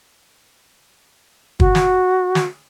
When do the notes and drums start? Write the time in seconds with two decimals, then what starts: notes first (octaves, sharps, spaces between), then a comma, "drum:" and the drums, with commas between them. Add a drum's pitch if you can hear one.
1.60 F#4, drum: kick
1.75 drum: snare
2.35 drum: snare